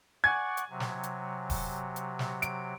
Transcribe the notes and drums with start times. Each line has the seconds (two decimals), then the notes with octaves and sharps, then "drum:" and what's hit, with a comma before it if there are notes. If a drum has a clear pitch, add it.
0.24 D5 F#5 G#5 C#6 G#6
0.57 drum: hi-hat
0.70 C3 F#3
0.80 drum: snare
1.03 drum: hi-hat
1.50 drum: kick D#1, open hi-hat
1.96 drum: hi-hat
2.19 drum: snare
2.42 D7, drum: hi-hat